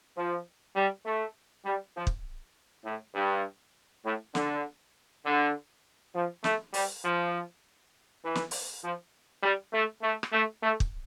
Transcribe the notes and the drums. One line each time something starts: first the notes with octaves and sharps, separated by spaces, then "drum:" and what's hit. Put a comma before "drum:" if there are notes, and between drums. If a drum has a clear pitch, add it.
F3
G3
A3
G3
F3
drum: kick
A2
G2
A2
D3, drum: snare
D3
F3
A3, drum: snare
G3, drum: open hi-hat
F3
E3
drum: snare
drum: open hi-hat
F3
G3
A3
A3
drum: rim click
A3
A3
drum: kick